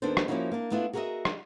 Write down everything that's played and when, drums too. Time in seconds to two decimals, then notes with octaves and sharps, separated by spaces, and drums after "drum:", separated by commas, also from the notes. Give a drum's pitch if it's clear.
0.02 D#2 D#3 B3 D4 A4 C5
0.17 drum: rim click
0.28 F3 A#3 C#4 D#4 E4 F#4
0.52 A#3 D4
0.71 A3 B3 D4 E4 F4
0.93 F#4 G#4 A#4 C#5 D#5 E5
1.25 drum: rim click